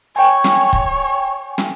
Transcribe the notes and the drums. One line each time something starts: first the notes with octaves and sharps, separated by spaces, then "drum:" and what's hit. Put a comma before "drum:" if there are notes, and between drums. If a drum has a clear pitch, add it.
C#5 G5 G#5
drum: snare
drum: kick
drum: snare